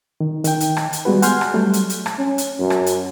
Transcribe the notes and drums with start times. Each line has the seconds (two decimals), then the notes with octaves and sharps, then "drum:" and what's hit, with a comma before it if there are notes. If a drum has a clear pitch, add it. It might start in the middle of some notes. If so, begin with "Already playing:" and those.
0.20 D#3
0.44 D#3 G5, drum: hi-hat
0.60 drum: hi-hat
0.77 drum: rim click
0.93 drum: hi-hat
1.05 G3 G#3 B3 F#4 B4
1.22 F#5 G#5 C6 F6 G6, drum: hi-hat
1.41 drum: rim click
1.54 F#3 G3 A3
1.73 drum: hi-hat
1.90 drum: hi-hat
2.06 drum: rim click
2.18 C#4
2.38 drum: hi-hat
2.59 F#2
2.70 drum: rim click
2.86 drum: hi-hat